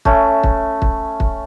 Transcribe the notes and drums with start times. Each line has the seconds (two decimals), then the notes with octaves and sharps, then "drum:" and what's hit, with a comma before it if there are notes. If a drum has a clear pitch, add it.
0.05 A3 C#4, drum: kick
0.44 drum: kick
0.82 drum: kick
1.20 drum: kick